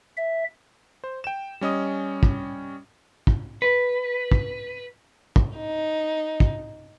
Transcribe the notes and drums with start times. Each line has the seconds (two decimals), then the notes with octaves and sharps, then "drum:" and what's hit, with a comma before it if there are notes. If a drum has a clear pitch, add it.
0.17 E5
1.04 C5
1.24 G5 E7
1.61 G3 C#4 D#5 D#6
2.23 drum: kick
3.27 drum: kick
3.62 B4
4.32 drum: kick
5.36 drum: kick
5.57 D#4
6.40 drum: kick